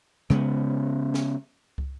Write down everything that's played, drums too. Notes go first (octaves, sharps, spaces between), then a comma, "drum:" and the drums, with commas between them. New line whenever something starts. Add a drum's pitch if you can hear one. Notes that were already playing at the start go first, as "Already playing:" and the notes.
C#3 G#3 A#3 B3, drum: rim click
drum: snare
drum: kick